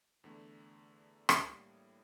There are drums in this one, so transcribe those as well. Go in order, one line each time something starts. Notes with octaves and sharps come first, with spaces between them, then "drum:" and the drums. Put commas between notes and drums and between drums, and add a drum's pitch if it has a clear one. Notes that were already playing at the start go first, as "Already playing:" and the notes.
E2 D3 A3
A2 G3 A#3, drum: rim click